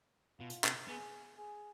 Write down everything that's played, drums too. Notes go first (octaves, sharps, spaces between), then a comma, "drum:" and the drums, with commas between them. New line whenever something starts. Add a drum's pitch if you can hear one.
B2 F4
drum: hi-hat
C3, drum: clap
B3 G#4
G#4